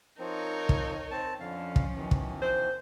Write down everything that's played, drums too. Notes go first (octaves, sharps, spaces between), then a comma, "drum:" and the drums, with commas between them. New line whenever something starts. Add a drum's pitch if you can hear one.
F3 C4 D#4 A#4 C#5
drum: kick
C4 A5
F2 D3 F3 C#4 F5
drum: kick
B2 D#3 E3
drum: kick
C5